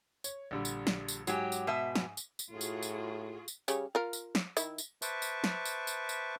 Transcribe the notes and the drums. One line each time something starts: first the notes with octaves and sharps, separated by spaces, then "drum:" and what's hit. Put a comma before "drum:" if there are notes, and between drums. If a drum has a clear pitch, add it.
C#5, drum: tambourine
A#1 D3 G3
drum: tambourine
drum: snare
drum: tambourine
G#2 F#3 G4 G#5, drum: tambourine
drum: tambourine
B2 E5
drum: snare
drum: tambourine
drum: tambourine
A2 F4 F#4 G#4
drum: tambourine
drum: tambourine
drum: tambourine
C#3 G3 C#5, drum: tambourine
F4 A#4
drum: tambourine
drum: snare
D#3 E4, drum: tambourine
drum: tambourine
B4 C5 E5 A5 C#6 D6, drum: tambourine
drum: tambourine
drum: snare
drum: tambourine
drum: tambourine
drum: tambourine